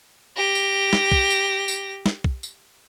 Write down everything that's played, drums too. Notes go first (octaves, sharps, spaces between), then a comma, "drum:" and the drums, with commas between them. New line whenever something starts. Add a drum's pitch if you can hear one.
G4 A#6
drum: tambourine
drum: snare
drum: kick
drum: tambourine
drum: tambourine
drum: snare
drum: kick
drum: tambourine